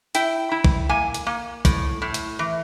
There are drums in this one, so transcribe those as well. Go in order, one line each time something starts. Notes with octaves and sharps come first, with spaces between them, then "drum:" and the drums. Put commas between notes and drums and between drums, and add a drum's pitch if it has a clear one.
E4 G5, drum: hi-hat
E4
drum: kick
A#3 G#5
drum: hi-hat
A#3
A2, drum: kick, hi-hat
A2
drum: hi-hat
E3